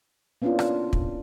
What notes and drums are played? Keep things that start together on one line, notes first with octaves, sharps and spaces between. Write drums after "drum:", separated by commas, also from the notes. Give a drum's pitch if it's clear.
A#3 B3 C#4 D4 E4 F4
drum: rim click
drum: kick